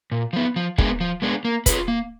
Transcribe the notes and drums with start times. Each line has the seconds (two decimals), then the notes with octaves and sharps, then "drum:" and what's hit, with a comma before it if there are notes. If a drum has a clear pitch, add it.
0.12 A#2
0.33 F3 B3
0.56 F3
0.78 G#3 B3 D4 G#4, drum: kick
1.01 F3
1.22 G#3 B3 D4 G#4
1.45 A#3
1.66 F4 G#4 B4, drum: kick, hi-hat
1.88 A#3